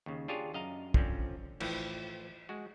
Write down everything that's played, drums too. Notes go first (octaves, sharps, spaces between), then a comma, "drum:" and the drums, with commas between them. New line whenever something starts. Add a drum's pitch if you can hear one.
D#2 C#3
D4 F4 G4 G#4 C#5
F#2 D#5 F5 A#5
D3 F3 C4 C#4, drum: kick
A2 E3 F3 B4 G5, drum: cymbal
G#3 F#4